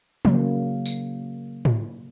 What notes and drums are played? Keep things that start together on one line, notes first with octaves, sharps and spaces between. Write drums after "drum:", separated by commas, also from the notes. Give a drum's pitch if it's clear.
C#3 F#3 A#3, drum: tom
drum: tambourine
drum: tom